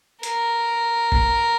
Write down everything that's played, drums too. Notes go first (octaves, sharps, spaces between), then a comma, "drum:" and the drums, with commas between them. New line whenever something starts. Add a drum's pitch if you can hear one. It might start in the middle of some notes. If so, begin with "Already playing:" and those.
A#4, drum: hi-hat
drum: kick